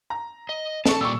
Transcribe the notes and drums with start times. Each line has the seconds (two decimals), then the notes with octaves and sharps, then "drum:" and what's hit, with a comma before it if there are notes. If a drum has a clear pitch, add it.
0.10 A#5
0.49 D#5
0.86 A4 A5 C#6, drum: snare
1.01 A#2 G3 D5 C#6 E6